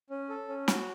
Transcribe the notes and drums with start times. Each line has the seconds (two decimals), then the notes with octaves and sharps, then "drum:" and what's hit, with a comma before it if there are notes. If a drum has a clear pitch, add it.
0.10 C#4
0.29 A4
0.48 C#4
0.68 F#4, drum: snare